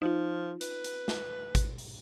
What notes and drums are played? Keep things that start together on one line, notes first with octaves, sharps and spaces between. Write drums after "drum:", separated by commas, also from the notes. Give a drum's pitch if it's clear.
F3 D#4 F4
B4, drum: hi-hat
drum: hi-hat
drum: snare
drum: kick, hi-hat
drum: open hi-hat